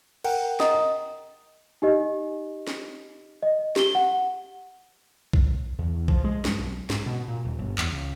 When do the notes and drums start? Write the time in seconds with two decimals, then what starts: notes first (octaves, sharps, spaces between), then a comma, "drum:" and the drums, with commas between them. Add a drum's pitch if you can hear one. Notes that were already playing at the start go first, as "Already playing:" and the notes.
0.24 A#4 F#5 G5, drum: cymbal
0.60 D#5 A#5 D#6, drum: snare
1.82 D#4 G4 D#5
2.67 drum: snare
3.43 D#5
3.76 G4 G7, drum: snare
3.95 F#5
5.33 drum: kick A#1
5.79 E2
6.08 F3, drum: kick A#1
6.24 G#3
6.45 G2, drum: snare
6.59 B1
6.90 G#2, drum: snare
7.06 B2
7.28 A#2
7.45 D#1
7.59 G1
7.78 E2, drum: clap
7.92 C#2